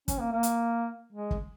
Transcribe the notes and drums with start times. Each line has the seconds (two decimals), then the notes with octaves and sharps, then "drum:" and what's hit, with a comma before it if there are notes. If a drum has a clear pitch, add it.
0.08 C#4, drum: kick, hi-hat
0.19 A#3
0.32 A#3
0.43 drum: hi-hat
1.13 G#3
1.31 drum: kick